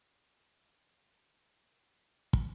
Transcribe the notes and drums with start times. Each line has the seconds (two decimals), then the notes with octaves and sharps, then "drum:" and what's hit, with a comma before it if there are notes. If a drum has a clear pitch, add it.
1.31 C3
1.78 F4
2.33 drum: kick